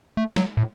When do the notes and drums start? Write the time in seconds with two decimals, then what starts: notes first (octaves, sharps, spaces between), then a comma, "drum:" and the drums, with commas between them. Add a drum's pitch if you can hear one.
0.17 A3
0.36 F#3, drum: snare
0.57 A2